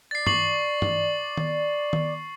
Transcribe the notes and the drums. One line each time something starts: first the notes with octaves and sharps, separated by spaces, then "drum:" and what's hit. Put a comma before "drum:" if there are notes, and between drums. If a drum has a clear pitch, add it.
D5 A6 C7
C#6 C7 F#7, drum: tom G2
drum: tom G2
drum: tom D#3
drum: tom D#3